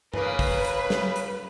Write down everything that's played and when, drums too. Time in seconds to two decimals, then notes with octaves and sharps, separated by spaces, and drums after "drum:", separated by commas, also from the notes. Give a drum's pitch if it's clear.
0.14 C#3 A#3 B4, drum: tom G2
0.39 drum: kick, open hi-hat
0.65 drum: hi-hat
0.90 drum: snare
1.16 drum: hi-hat